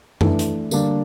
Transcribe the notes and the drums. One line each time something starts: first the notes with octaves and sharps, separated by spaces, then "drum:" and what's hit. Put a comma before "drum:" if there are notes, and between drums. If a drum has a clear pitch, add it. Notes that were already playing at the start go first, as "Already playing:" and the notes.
E3 A3 D4, drum: tom F#2
drum: hi-hat
D3 G3 A#3 D4, drum: tambourine